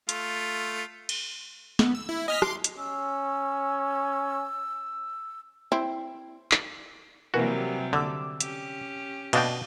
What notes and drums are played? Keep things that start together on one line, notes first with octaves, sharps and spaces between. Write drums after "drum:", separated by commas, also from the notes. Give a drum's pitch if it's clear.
A3 F4, drum: hi-hat
drum: cymbal
B3, drum: snare
E6
E4
D#5 G#5 F6 B6
C6 D6, drum: rim click
drum: hi-hat
C#4 E6
C4 E4
drum: clap
C3 E3 F#3 G3 A#3 F#4
D3 D6 E6
C#4 G4, drum: hi-hat
B2 D4 D#5 F5 G5, drum: cymbal